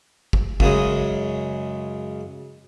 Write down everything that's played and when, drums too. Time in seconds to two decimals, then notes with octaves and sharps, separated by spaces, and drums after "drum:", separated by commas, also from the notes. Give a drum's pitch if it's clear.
0.33 drum: kick
0.60 F#2 C#3 G#3, drum: kick